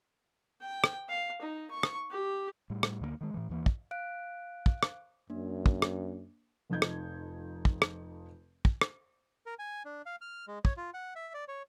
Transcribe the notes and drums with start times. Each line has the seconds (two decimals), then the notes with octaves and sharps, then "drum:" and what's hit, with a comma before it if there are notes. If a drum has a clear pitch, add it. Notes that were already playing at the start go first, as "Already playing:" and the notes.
0.61 G5
0.84 drum: rim click
1.09 F5
1.42 D#4
1.71 C#6
1.83 drum: rim click
2.11 G4
2.70 A2 G3
2.83 drum: rim click
3.00 D2 D3 G3 A#3
3.21 D#3 G#3
3.34 A2 E3
3.49 D#2 E3 A#3
3.66 drum: kick
3.91 F5 F#6 D7
4.66 drum: kick
4.83 drum: rim click
5.30 F#2 A#3 D4
5.66 drum: kick
5.82 drum: rim click
6.70 F1 F2 D#4 G6 G#6
6.82 drum: rim click
7.65 drum: kick
7.82 drum: rim click
8.65 drum: kick
8.81 drum: rim click
9.46 A#4
9.59 G#5
9.85 D4
10.06 F5
10.21 F6
10.48 G#3
10.65 C#5, drum: kick
10.77 F4
10.94 F#5
11.16 E5
11.34 D5
11.48 C#5